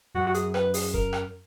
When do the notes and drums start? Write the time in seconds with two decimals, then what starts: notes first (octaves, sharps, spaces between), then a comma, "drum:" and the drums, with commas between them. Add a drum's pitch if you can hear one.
0.15 F#2 F#4
0.27 F#4
0.34 G#4, drum: hi-hat
0.54 B4, drum: rim click
0.74 G#4, drum: open hi-hat
0.94 A#4, drum: kick F1
1.13 drum: rim click